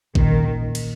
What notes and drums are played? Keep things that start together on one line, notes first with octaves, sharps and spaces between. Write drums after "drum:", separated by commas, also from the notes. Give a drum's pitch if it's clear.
A#2 D#3 A#3 C#4, drum: kick G#1
drum: cymbal